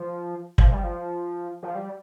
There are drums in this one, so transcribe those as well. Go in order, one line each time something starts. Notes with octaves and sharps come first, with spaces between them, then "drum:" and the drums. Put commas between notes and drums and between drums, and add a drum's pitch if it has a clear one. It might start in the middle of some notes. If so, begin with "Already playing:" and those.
Already playing: F3
F3, drum: kick
G3
F3
F3
G3